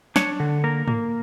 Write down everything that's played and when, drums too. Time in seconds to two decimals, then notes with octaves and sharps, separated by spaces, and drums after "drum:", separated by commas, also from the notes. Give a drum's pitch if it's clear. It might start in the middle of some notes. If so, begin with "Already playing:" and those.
0.16 D4 C#5, drum: snare
0.40 D3
0.64 A#3 A#4
0.88 A#3, drum: tom G#2